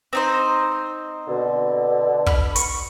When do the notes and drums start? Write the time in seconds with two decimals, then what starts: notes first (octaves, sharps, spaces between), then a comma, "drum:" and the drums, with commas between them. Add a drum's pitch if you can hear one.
0.13 C4 D#4 C5
1.28 B2 D3
2.27 B5 F6, drum: kick
2.56 C#6, drum: hi-hat